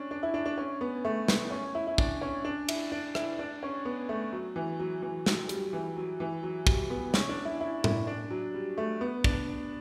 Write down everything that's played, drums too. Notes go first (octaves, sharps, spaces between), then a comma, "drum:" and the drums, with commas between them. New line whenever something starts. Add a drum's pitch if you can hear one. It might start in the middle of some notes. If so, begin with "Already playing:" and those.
Already playing: C#4 D4
D4
E4
D4
D4
C#4
B3
A3
B3, drum: snare
C#4
E4
E4
D4, drum: kick
C#4
D4
E4, drum: cymbal
D4
E4, drum: rim click
D4
C#4
B3
A3
F#3
E3
F#3
E3
F#3, drum: snare
G3, drum: hi-hat
E3
F#3
E3
F#3
G3, drum: kick
B3
C#4, drum: snare
D4
E4
E4
E4, drum: tom A2
D4
F#3
G3
A3
B3
D4, drum: kick